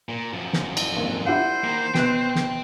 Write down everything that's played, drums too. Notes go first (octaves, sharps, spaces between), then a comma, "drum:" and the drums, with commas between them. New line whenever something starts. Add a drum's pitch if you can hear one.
A#2
F#2 F3
drum: snare
drum: cymbal
G#1 D#2
E4 G4 C5 F#5
D#3 A#3
B2 B4 G5 C6 F#6, drum: snare
drum: snare